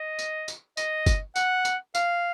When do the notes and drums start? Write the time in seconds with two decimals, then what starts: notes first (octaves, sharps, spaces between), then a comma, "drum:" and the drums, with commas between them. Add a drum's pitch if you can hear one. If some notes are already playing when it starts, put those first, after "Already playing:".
Already playing: D#5
0.19 drum: tambourine
0.48 drum: tambourine
0.77 D#5, drum: tambourine
1.06 drum: kick, tambourine
1.36 F#5, drum: tambourine
1.65 drum: tambourine
1.95 F5, drum: tambourine